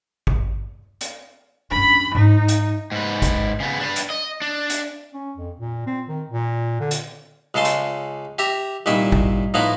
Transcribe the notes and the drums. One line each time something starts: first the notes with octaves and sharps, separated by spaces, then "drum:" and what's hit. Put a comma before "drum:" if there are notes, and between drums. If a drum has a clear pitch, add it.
drum: kick G#1
drum: hi-hat
F#2 D4 B5
G#2 D#4
drum: hi-hat
G#2 B4
drum: kick G#1, hi-hat
C#3 B3
D4 B4
drum: hi-hat
D#5
D4
drum: hi-hat
C#4
F2
A#2
C4
D#3
A#2
D3
drum: hi-hat
C#2 C#3 A4 A5 C6
drum: hi-hat
G4 E5 A#5
C2 A#2 D#3 E4 E5
drum: kick G#1
A2 F3 B3 D#4 E4